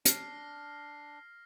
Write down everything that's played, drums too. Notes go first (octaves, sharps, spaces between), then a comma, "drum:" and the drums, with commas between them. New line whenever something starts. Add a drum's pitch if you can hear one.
D4 F6 A#6 C7, drum: hi-hat